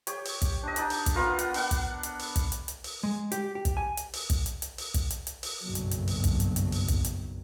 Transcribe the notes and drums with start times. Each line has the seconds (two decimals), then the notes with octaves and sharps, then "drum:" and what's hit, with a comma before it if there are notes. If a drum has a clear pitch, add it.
0.07 G4 C#5, drum: hi-hat
0.25 drum: open hi-hat
0.42 drum: kick, hi-hat
0.63 D4 D#5
0.76 D4 D#4 A5, drum: hi-hat
0.90 drum: open hi-hat
1.06 drum: kick, hi-hat
1.15 B3 D4 F4 A#4
1.39 F#5, drum: hi-hat
1.54 D4 F#5, drum: open hi-hat
1.71 drum: kick, hi-hat
2.03 drum: hi-hat
2.19 drum: open hi-hat
2.36 drum: kick, hi-hat
2.52 drum: hi-hat
2.68 drum: hi-hat
2.84 drum: open hi-hat
3.03 G#3
3.32 G4, drum: hi-hat
3.55 G4
3.65 drum: kick, hi-hat
3.77 G#5
3.97 drum: hi-hat
4.13 drum: open hi-hat
4.30 drum: kick, hi-hat
4.46 drum: hi-hat
4.62 drum: hi-hat
4.78 drum: open hi-hat
4.94 drum: kick, hi-hat
5.10 drum: hi-hat
5.27 drum: hi-hat
5.43 drum: open hi-hat
5.63 F#1 B1 G2 D#3 F#3
5.75 drum: hi-hat
5.91 drum: hi-hat
6.08 drum: open hi-hat
6.24 drum: kick, hi-hat
6.40 drum: hi-hat
6.56 drum: hi-hat
6.72 drum: open hi-hat
6.88 drum: kick, hi-hat
7.05 drum: hi-hat